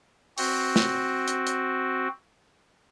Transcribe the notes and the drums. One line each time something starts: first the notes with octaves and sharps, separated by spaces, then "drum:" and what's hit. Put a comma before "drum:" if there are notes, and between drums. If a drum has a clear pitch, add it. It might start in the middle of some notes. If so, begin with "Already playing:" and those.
C4 F#4, drum: open hi-hat
drum: snare
drum: hi-hat
drum: hi-hat